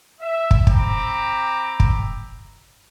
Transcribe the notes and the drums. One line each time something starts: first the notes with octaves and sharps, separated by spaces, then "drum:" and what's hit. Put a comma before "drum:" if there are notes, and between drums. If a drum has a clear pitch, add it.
E5
drum: kick
C4 A#5 B5 D6, drum: kick
drum: kick